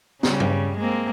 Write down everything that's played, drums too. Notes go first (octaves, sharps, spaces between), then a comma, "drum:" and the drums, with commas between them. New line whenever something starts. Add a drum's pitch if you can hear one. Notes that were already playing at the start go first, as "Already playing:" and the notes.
C#3 G3, drum: snare
drum: tom G2
G#3 A#3 C4